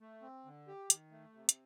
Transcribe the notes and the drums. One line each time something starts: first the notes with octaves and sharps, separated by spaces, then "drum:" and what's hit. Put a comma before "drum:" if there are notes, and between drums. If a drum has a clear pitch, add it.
A3
C4
D3
G4
D#3, drum: hi-hat
A3
C3
drum: hi-hat